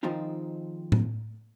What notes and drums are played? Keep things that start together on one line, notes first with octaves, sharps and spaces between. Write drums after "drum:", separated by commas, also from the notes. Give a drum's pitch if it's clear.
D#3 F3 G#3 C4 D#4 F4
drum: tom A2